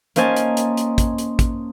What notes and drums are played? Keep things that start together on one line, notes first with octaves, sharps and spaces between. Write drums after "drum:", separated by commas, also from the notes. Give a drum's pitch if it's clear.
A#3 C#4 C5 D#5 G#5 A5, drum: hi-hat
drum: hi-hat
drum: hi-hat
drum: hi-hat
drum: kick, hi-hat
drum: hi-hat
drum: kick, hi-hat